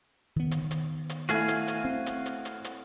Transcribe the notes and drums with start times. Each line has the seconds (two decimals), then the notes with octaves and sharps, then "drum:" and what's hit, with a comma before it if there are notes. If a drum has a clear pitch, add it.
0.36 D#3 B3
0.51 drum: hi-hat
0.71 drum: hi-hat
1.09 drum: hi-hat
1.29 A3 E4 F#4 F5 G#5, drum: hi-hat
1.48 drum: hi-hat
1.68 drum: hi-hat
1.85 C4
2.06 drum: hi-hat
2.26 drum: hi-hat
2.45 drum: hi-hat
2.64 drum: hi-hat